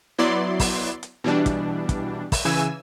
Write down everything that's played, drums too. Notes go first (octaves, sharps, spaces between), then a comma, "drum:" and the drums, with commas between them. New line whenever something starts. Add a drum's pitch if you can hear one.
F#3 B3 E4 D5 C6
drum: kick, open hi-hat
drum: hi-hat
B2 E3 G3 D4
drum: kick, hi-hat
drum: kick, hi-hat
drum: kick, open hi-hat
C#3 E3 G#5 E6